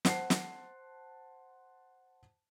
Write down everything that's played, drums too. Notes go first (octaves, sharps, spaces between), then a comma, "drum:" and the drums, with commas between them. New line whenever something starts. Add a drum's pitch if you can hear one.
C5 F#5 A5 C7, drum: snare
drum: snare